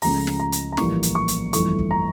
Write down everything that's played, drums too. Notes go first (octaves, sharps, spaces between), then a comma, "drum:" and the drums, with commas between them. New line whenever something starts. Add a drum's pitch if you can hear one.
C#2 C#3 F3 A3 A#5, drum: open hi-hat
drum: snare
A#5
drum: hi-hat
A#5
A#1 A2 E3 G3 A#3 C#6, drum: snare
drum: hi-hat
C#6
drum: hi-hat
G1 F2 E3 A3 C#6, drum: hi-hat
drum: kick
A#5